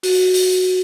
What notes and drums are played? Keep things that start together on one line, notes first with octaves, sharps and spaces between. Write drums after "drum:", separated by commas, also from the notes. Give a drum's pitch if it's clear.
F#4, drum: open hi-hat
drum: open hi-hat